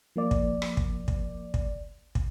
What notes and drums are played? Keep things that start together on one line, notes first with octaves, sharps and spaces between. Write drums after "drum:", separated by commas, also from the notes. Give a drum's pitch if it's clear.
F3 A#3 D5
drum: kick
drum: rim click
drum: kick
drum: kick
drum: kick
drum: kick